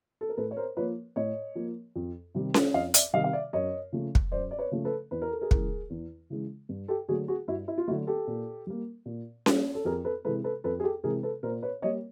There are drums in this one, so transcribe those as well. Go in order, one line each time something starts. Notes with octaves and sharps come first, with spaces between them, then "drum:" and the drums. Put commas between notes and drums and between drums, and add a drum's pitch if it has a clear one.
A4
A#4
A2 A4 B4
C#5
A#4 C5
F3 A#3 B4 C#5
A2 C#5 D#5
F3 A#3
F2
C3 D#3 G3
drum: snare C#4
F2 D#5 F5
D5 E5, drum: hi-hat
C3 D#3 G3 D#5 F5
F5
D5 E5
F#2 C#5 D#5
C#3 F3 A3
drum: kick
F#2 C5 D5
D5
B4 C#5
C#3 F3 A3
A4 B4
E2 B4
A#4
A4
G#4 A#4
C#3 E3 G#3, drum: kick
E2
C#3 E3 G#3
G2
G4 A4
D3 F#3 A3 F#4 G#4
F#4 G#4
G2 E4 F#4
E4
F4
D3 F#3 A3 E4 F#4
G4 A4
A#2
G3 A#3
A#2
G3 A#3, drum: snare C#4
A4
F2 G#4 A#4
A4 B4
C3 E3 G#3 A4 B4
A4 B4
F2 A4 B4
G#4
G4 A4
C3 E3 G#3 G#4 A#4
A4 B4
A#2 A#4 C5
B4 C#5
G3 A#3 C#5 D#5